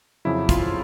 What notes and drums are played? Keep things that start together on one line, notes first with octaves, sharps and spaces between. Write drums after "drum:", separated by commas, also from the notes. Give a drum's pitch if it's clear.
F2 C#3 F#3 E4
F4, drum: kick, hi-hat